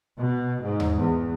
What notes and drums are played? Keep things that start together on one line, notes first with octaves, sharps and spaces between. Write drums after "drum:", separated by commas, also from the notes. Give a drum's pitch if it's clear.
B2
G#2
drum: tom D#2
E2